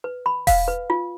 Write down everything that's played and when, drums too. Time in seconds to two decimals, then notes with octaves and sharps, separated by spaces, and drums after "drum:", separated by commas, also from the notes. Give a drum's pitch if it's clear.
0.04 B4
0.26 B5
0.47 F5, drum: kick E1, open hi-hat
0.68 B4
0.90 F4